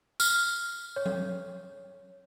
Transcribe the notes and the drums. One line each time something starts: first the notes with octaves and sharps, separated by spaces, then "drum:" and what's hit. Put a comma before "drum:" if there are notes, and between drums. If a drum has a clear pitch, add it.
F6, drum: tambourine
C#5
drum: tom F#3